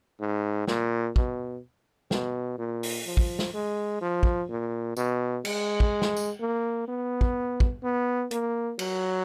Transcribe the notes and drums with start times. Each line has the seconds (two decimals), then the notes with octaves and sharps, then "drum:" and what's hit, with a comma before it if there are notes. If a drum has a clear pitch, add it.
0.20 G#2
0.67 A#2, drum: snare
1.16 B2, drum: kick
2.11 B2, drum: snare
2.58 A#2
2.83 drum: open hi-hat
3.06 F3
3.17 drum: kick
3.39 drum: snare
3.54 G#3
4.01 F3
4.23 drum: kick
4.49 A#2
4.97 B2, drum: tambourine
5.45 G#3, drum: cymbal
5.80 drum: kick
6.02 drum: snare
6.17 drum: tambourine
6.40 A#3
6.88 B3
7.21 drum: kick
7.60 drum: kick
7.83 B3
8.31 A#3, drum: hi-hat
8.79 F#3, drum: cymbal